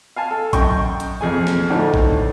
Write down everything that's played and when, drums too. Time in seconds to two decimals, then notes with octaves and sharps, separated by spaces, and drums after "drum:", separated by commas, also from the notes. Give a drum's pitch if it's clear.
0.16 F5 G#5 A5
0.31 A4
0.53 F#2 D#5 G5 C#6, drum: kick, hi-hat
1.00 drum: hi-hat
1.21 F2 G#4 G#5
1.47 drum: snare
1.70 D2 A2 D4 D#4
1.94 drum: kick